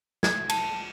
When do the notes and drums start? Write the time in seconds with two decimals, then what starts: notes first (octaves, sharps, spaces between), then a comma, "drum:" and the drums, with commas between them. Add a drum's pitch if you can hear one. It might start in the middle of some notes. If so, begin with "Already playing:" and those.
0.23 G#6, drum: snare
0.49 A5, drum: cymbal